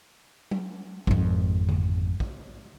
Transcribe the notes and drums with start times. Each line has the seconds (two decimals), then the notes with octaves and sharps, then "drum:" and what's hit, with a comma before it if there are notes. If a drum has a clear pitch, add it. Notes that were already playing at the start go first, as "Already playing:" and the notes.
0.51 drum: tom F#3
1.07 G#1 F2, drum: kick
1.69 drum: tom D3
2.20 drum: kick